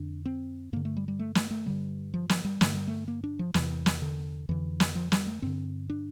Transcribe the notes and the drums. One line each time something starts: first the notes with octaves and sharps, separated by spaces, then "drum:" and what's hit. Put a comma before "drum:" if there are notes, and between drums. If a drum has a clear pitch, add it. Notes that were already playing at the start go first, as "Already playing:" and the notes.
Already playing: F2 D3 D4
C4
G2 D3 A#3
A3
G3
G3
A3
A3, drum: snare
A3
G2 D3 G3
F3
F3, drum: snare
G3
G2 D3 A3, drum: snare
G3
A3
A#3
D4
F3
E2 C3 E3, drum: snare
drum: snare
D3
F2 D3 E3
drum: snare
F3
G3, drum: snare
A3
G2 D3 C4
D4